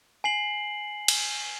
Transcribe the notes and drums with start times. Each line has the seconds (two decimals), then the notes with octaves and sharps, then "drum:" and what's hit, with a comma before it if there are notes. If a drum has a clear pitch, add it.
0.24 G#5 C7 F#7
1.08 drum: cymbal